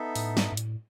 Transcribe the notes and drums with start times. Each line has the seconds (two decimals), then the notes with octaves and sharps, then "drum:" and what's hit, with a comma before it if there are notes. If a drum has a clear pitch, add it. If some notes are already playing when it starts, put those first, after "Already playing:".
Already playing: B3 D#4 A4 E5
0.16 A2, drum: open hi-hat
0.37 G#2, drum: snare
0.52 G#2
0.57 A2, drum: hi-hat